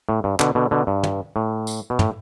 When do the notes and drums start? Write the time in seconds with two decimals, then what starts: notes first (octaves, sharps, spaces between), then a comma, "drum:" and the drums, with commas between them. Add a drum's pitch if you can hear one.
0.09 A2
0.24 G2
0.40 B2 D3, drum: clap
0.55 B2 D3
0.71 B2 D3
0.87 G2
1.03 drum: tom
1.36 A2
1.67 drum: tambourine
1.90 B2
1.99 A2, drum: tom